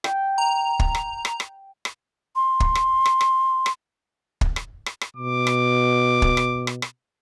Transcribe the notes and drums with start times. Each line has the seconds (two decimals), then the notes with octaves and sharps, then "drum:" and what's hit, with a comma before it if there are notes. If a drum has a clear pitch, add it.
0.04 G5, drum: rim click
0.38 A#5
0.79 drum: kick
0.95 drum: rim click
1.25 drum: rim click
1.40 drum: rim click
1.85 drum: rim click
2.36 C6
2.60 drum: kick
2.75 drum: rim click
3.06 drum: rim click
3.21 drum: rim click
3.66 drum: rim click
4.41 drum: kick
4.56 drum: rim click
4.86 drum: rim click
5.01 drum: rim click
5.17 B2 D6
5.47 drum: rim click
6.22 drum: kick
6.37 drum: rim click
6.67 drum: rim click
6.82 drum: rim click